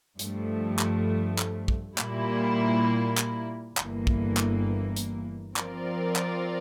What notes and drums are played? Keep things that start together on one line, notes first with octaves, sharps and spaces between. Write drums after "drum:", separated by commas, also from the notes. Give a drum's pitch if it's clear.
G2 F3 A3, drum: hi-hat
drum: clap
drum: clap
drum: kick
A#2 G3 A#3 E4, drum: clap
drum: clap
G1 G2 E3 A#3, drum: clap
drum: kick
drum: clap
drum: hi-hat
F3 C4 F4 A#4 D5, drum: clap
drum: clap